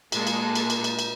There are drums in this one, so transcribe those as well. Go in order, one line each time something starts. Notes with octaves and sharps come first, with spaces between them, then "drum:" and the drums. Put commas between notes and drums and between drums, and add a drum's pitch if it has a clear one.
A#2 G#3 A#3 D4 F4 A4, drum: cymbal
drum: cymbal
drum: cymbal
drum: cymbal
drum: cymbal
drum: cymbal